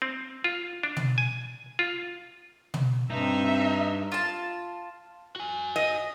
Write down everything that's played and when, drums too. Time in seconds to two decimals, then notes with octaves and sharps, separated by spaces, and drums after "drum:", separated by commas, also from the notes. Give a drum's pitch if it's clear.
0.02 C4
0.44 F4
0.83 D4
0.97 drum: tom
1.18 G#5
1.79 F4
2.74 drum: tom
3.10 G2 C4 D#4 E5
4.12 F4 A5
5.36 F#4 G#5
5.76 D#5